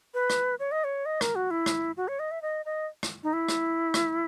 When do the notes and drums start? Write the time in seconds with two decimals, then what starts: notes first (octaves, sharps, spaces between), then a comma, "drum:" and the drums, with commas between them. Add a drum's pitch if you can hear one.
0.14 B4
0.30 drum: rim click
0.60 C#5
0.72 D#5
0.84 C#5
1.06 D#5
1.21 A#4, drum: rim click
1.35 F#4
1.51 E4
1.66 drum: rim click
1.97 F#4
2.08 C#5
2.19 D#5
2.31 E5
2.42 D#5
2.66 D#5
3.03 drum: rim click
3.23 D#4
3.33 E4
3.49 drum: rim click
3.94 drum: rim click